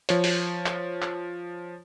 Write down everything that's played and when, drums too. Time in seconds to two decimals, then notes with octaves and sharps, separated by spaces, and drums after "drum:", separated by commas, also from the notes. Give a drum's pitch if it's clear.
0.09 F3 C#5, drum: hi-hat
0.24 drum: open hi-hat
0.66 drum: clap
1.02 drum: clap